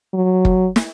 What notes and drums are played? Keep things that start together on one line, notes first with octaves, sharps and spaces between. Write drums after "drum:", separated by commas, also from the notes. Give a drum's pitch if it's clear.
F#3
drum: kick
drum: snare